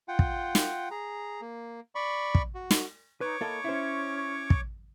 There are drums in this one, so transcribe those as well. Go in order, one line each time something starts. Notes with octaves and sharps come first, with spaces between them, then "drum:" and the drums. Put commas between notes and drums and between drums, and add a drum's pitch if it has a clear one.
F4 F#5 G5
drum: kick
drum: snare
G#4 A#5
A#3
D5 B5 C#6
drum: kick
F#4
drum: snare
D#4 B4 C#5 C#6 D6
A#3 E4 A4 D#5
C#4 E4 C5
drum: kick